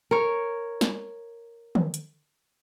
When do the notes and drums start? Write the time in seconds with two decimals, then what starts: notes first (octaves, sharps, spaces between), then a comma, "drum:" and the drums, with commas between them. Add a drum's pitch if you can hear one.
0.11 A#4 C#5
0.81 drum: snare
1.75 drum: tom
1.94 drum: hi-hat